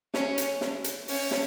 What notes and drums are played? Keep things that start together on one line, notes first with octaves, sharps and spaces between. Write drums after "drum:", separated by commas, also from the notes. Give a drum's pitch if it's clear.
C#4, drum: snare
drum: hi-hat
drum: snare
drum: hi-hat
C#4, drum: open hi-hat
drum: snare